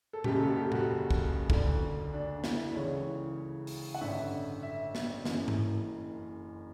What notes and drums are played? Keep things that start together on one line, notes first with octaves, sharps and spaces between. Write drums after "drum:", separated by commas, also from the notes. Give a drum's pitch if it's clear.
A4
F#1 F#2 C#3 G4, drum: tom A#2
A4
G4
F#4, drum: tom A#2
drum: kick
D2 D3, drum: kick
D4
E4, drum: snare
C#2 C#3 E3 C#5
drum: open hi-hat
F#5
A1 G2 D3 E5
E5
drum: snare
F#1 F#2 E3, drum: snare
drum: tom G#2